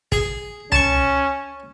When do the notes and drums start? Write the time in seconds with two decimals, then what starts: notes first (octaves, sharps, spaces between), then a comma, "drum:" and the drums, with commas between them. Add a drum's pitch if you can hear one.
0.12 G#4, drum: kick
0.72 C#4 A5 C#6, drum: tom C#2